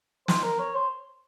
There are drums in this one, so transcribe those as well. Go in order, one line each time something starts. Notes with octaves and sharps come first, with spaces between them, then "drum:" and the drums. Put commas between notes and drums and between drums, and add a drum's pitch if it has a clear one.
C5, drum: snare
A#4
C#5
C5